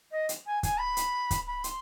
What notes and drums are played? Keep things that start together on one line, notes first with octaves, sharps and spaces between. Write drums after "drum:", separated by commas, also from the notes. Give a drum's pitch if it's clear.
D#5
drum: hi-hat
G#5
G#5, drum: kick, hi-hat
B5
drum: hi-hat
drum: kick, hi-hat
B5
C6, drum: hi-hat